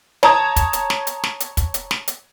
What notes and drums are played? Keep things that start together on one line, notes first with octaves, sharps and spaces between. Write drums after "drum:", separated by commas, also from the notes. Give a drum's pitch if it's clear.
C#5 A5 A#5 D#6 G#6, drum: snare
drum: kick, hi-hat
drum: hi-hat
drum: snare
drum: hi-hat
drum: snare
drum: hi-hat
drum: kick, hi-hat
drum: hi-hat
drum: snare
drum: hi-hat